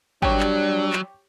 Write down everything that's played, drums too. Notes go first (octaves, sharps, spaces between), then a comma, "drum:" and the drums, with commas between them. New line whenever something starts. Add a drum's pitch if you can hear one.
F#3 G3 D4 G4 C#5, drum: kick
drum: clap
drum: clap